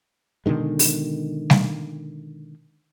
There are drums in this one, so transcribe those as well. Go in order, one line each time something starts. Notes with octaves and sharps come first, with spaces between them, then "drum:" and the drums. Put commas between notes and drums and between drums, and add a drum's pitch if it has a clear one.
B2 D3 D#3 G#3
drum: open hi-hat
drum: snare G3